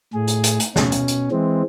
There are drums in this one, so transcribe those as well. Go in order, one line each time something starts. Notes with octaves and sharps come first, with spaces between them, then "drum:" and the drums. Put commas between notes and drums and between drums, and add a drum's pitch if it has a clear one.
A2 G#4
drum: hi-hat
drum: hi-hat
drum: hi-hat
B2 C#4, drum: snare
drum: hi-hat
drum: hi-hat
E3 G#3 C4